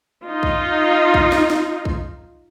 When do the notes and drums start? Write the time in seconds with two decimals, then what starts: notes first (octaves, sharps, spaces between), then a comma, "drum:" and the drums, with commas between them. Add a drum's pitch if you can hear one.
0.25 D#4 F4
0.43 drum: kick
1.14 drum: kick
1.32 drum: snare
1.50 drum: snare
1.85 drum: kick